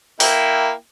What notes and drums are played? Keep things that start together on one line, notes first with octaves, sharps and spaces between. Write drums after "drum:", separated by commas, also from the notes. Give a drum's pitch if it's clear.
A#3 E4 G5, drum: open hi-hat